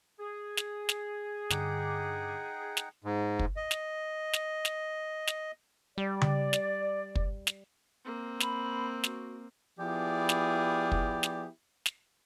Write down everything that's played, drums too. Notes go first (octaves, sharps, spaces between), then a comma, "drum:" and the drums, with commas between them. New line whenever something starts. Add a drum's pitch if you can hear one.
G#4
drum: snare
drum: snare
G2 D3 D#4 F#5 G5 D6, drum: snare
drum: snare
G#2
drum: kick
D#5
drum: snare
drum: snare
drum: snare
drum: snare
G3 D5
drum: tom C#3
drum: snare
drum: kick
drum: snare
A#3 C4
B5, drum: snare
F#4, drum: snare
F3 B3 E4 G4 G#4 D5
drum: snare
drum: kick
drum: snare
drum: snare